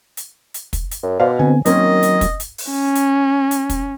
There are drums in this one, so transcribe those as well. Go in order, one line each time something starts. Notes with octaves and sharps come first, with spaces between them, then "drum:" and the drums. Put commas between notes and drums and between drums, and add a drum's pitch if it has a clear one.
drum: hi-hat
drum: hi-hat
drum: kick, hi-hat
drum: hi-hat
F#2
B2 C5 D5 F5
D3 B3 C4 G#5
D#3 F#3 A#3 C4 C#4 D#5, drum: hi-hat
drum: hi-hat
drum: kick, hi-hat
drum: hi-hat
drum: open hi-hat
C#4
drum: hi-hat
drum: hi-hat
drum: kick, hi-hat